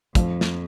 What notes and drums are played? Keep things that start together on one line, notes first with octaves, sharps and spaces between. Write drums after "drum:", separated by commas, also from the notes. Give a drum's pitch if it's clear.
F2 F3, drum: kick, hi-hat
drum: snare